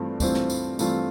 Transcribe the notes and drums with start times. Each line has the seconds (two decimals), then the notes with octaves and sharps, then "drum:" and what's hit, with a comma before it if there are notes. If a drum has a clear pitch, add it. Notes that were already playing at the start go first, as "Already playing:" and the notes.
Already playing: G2 E3 A3 C4 F4
0.20 G2 E3 A3 C4 F4, drum: kick, tambourine
0.35 drum: snare
0.50 drum: tambourine
0.79 G2 E3 A3 C4 F4, drum: tambourine